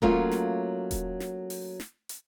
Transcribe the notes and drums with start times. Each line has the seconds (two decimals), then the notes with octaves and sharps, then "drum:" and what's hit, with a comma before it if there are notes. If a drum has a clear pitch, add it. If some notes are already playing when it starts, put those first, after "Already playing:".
0.02 F#3 A3 A#3 C#4 F4, drum: kick D#1
0.31 drum: snare
0.91 drum: kick D#1, hi-hat
1.20 drum: snare
1.50 drum: open hi-hat
1.80 drum: snare
2.09 drum: hi-hat